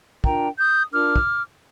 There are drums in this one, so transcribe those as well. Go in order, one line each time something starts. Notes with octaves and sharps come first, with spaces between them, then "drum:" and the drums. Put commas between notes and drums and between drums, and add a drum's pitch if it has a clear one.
D4 F4 A#4 G5 A#5, drum: kick
D#6 G6
D4 F4 A#4 D6 F6
drum: kick